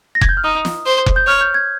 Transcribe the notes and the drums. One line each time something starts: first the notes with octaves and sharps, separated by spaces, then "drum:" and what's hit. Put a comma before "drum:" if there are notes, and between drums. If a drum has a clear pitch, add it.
A#6
G#6, drum: kick F1
G6
F6
D#4 D#6
drum: snare
C5
drum: kick F1
G6
C#5 F6
G6
G#6